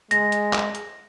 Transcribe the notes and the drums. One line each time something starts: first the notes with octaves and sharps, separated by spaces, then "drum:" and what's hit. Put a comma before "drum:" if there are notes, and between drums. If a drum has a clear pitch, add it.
G#3 A#6, drum: hi-hat
drum: hi-hat
drum: clap
drum: hi-hat